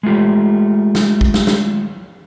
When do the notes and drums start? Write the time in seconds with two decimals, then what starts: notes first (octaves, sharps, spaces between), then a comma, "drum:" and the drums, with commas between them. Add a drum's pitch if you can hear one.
0.03 G#3 A3 F4 G4
0.95 drum: snare
1.21 drum: kick A1
1.34 drum: snare
1.47 drum: snare